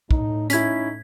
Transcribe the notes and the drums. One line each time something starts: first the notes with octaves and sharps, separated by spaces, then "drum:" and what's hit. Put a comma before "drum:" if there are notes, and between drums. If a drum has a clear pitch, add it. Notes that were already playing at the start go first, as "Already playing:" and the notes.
A2 D#4, drum: kick
C#4 D#4 E4 G#6 B6, drum: hi-hat